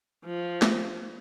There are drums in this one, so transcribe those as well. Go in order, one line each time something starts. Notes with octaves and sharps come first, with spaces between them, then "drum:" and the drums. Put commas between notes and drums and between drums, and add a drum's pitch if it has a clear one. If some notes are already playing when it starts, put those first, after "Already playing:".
F3
drum: snare